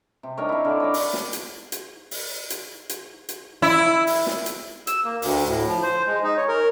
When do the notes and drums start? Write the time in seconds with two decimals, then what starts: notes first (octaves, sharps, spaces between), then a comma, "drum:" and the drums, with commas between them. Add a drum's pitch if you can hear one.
0.23 C3
0.37 D4 D#4 A#4 C#5
0.49 E4 F5
0.65 D3 D5
0.80 C#5 A#5 D6
0.94 drum: open hi-hat
1.13 drum: snare
1.33 drum: hi-hat
1.72 drum: hi-hat
2.11 drum: open hi-hat
2.50 drum: hi-hat
2.89 drum: hi-hat
3.29 drum: hi-hat
3.62 E4
4.07 drum: open hi-hat
4.26 drum: snare
4.46 drum: hi-hat
4.87 E6, drum: hi-hat
5.05 A#3
5.22 D2, drum: open hi-hat
5.47 A2
5.67 F3
5.83 C5
6.07 G#3
6.23 D#4
6.37 C#5
6.48 A#4